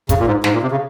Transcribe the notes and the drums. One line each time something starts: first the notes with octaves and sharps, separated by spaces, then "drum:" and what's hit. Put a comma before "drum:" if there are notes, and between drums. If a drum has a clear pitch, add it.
C#3, drum: kick, hi-hat
A#2
G#2
G#2, drum: snare
A#2
C3
C#3